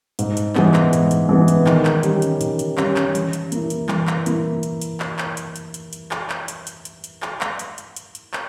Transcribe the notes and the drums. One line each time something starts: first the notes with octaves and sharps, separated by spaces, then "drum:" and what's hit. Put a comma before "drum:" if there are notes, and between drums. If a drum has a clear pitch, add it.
G#2, drum: hi-hat
drum: hi-hat
E3 G#3 B3, drum: clap
drum: clap
G#2, drum: hi-hat
drum: hi-hat
E3 G#3 B3
drum: hi-hat
D#3, drum: clap
drum: clap
G3 C#4, drum: hi-hat
drum: hi-hat
D#3, drum: hi-hat
drum: hi-hat
G3 C#4, drum: clap
drum: clap
E3, drum: hi-hat
drum: hi-hat
A#3 E4, drum: hi-hat
drum: hi-hat
E3, drum: clap
drum: clap
A#3 E4, drum: hi-hat
drum: hi-hat
drum: hi-hat
drum: clap
drum: clap
drum: hi-hat
drum: hi-hat
drum: hi-hat
drum: hi-hat
drum: clap
drum: clap
drum: hi-hat
drum: hi-hat
drum: hi-hat
drum: hi-hat
drum: clap
drum: clap
drum: hi-hat
drum: hi-hat
drum: hi-hat
drum: hi-hat
drum: clap